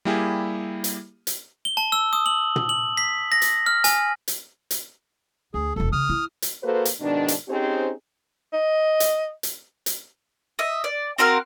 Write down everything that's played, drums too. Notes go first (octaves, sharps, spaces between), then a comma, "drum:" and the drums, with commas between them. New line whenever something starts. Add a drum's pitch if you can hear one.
G3 A#3 E4 G4 G#4
drum: hi-hat
drum: hi-hat
G7
A5
E6
D#6
F#7
drum: tom
F#7
B6
A#6
drum: hi-hat
F6
G#5, drum: hi-hat
drum: hi-hat
drum: hi-hat
D2 G#4
E1 F#2 A4
C#3 D#6 F6
E4
drum: hi-hat
A#3 F#4 A4 B4 C5
drum: hi-hat
G#2 B2 D#3 D4
drum: hi-hat
C4 C#4 D#4 G4 G#4 C5
D#5
drum: hi-hat
drum: hi-hat
drum: hi-hat
D#5 E5
D5
C4 F#4 A#4 F5